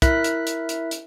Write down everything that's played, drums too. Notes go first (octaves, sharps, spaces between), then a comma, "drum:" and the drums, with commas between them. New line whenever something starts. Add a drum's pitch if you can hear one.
E4 A#4 E5 F#6 B6, drum: kick, hi-hat
drum: hi-hat
drum: hi-hat
drum: hi-hat
drum: hi-hat